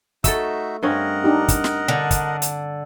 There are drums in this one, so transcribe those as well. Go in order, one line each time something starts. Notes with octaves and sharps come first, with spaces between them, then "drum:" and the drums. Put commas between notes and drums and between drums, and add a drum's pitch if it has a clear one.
A3 D#4 F#4 A4 E5 E6, drum: kick, hi-hat
G2 C4 C#4 A#4 D#5 F#5
D4 D#4 G4
drum: kick, hi-hat
drum: snare
D3
drum: kick, hi-hat
drum: hi-hat